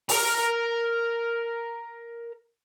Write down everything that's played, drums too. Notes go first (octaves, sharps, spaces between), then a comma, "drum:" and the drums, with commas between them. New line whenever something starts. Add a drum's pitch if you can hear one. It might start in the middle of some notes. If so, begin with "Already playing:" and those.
A#4 A#5, drum: open hi-hat